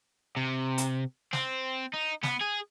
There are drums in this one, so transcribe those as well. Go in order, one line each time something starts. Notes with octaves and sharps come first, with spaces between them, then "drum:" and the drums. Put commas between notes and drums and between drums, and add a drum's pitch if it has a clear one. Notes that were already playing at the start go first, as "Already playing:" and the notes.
C3
drum: hi-hat
C4, drum: snare
D#4
B3, drum: snare
G#4